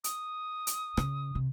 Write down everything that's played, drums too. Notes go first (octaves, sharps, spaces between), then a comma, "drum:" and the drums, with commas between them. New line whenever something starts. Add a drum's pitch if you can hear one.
D#6, drum: hi-hat
drum: hi-hat
C#3, drum: rim click
C3